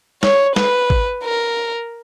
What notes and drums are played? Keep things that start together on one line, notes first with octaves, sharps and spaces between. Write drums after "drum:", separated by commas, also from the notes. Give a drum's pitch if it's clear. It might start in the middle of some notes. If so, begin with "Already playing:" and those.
C#5, drum: snare
B4, drum: snare
drum: kick A1
A#4